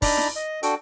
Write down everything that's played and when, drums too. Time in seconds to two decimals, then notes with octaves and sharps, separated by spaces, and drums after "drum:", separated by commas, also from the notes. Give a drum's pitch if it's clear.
0.02 D4 D#4 D5 A#5 B5, drum: kick, open hi-hat
0.17 drum: snare E4
0.36 D#5
0.63 D4 F#4 A4 G5, drum: hi-hat